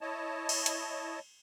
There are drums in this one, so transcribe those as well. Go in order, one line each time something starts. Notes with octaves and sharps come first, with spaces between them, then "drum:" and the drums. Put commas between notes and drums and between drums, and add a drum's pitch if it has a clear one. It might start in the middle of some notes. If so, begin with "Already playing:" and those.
E4 C#5 D#5 A5
drum: cymbal
drum: hi-hat